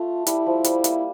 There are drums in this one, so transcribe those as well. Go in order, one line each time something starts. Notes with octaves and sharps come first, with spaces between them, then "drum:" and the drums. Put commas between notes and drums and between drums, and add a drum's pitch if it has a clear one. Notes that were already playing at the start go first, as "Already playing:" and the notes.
Already playing: A3 F4
G3 E4, drum: hi-hat
F3
G3, drum: hi-hat
A#3, drum: hi-hat